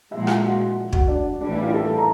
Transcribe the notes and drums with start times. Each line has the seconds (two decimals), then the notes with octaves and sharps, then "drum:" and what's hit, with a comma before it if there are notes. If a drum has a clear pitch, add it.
0.11 A#2 F3 G#3 E4 E5
0.23 F#5
0.27 F4 F5, drum: rim click
0.44 F#4 F#5
0.93 F#4 F#5, drum: kick
1.08 D4 D5
1.41 A2 E3 G3 D4 D5
1.51 E4 E5
1.62 F4 F5
1.74 A4 A5
1.98 A#5